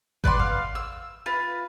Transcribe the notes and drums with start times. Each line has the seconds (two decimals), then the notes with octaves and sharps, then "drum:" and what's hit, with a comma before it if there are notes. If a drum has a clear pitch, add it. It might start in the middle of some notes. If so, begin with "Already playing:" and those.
0.24 B4 D5 F#5 C6, drum: kick G#1
0.39 F5
0.75 E6
1.26 F4 B4